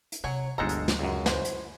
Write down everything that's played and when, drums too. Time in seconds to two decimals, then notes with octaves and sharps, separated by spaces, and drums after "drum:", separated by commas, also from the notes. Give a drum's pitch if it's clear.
0.12 drum: hi-hat
0.24 C3 F#3 C#5 G#5
0.58 G1 D2 F#3 G#3 D#4 A4 A#5
0.69 drum: hi-hat
0.88 drum: snare
0.99 C#2 F#2
1.26 E4 B4 C5, drum: snare
1.45 drum: hi-hat